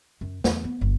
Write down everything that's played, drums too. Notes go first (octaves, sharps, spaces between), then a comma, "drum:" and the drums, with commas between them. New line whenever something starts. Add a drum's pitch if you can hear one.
F#2
E2, drum: snare
B3
G1 G2